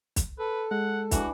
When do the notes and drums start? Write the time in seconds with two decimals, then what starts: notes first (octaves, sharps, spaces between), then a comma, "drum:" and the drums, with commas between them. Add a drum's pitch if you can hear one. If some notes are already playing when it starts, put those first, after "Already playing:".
0.16 drum: kick, hi-hat
0.39 A4 B4
0.71 G#3 F#5
1.11 E3 D4 F#4, drum: kick, hi-hat